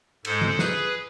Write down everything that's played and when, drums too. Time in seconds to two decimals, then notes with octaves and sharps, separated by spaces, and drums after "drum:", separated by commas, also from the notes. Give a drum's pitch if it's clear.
0.25 G#2 G#3 A4 C5, drum: cymbal
0.42 drum: tom D#3
0.59 G#4 B4, drum: snare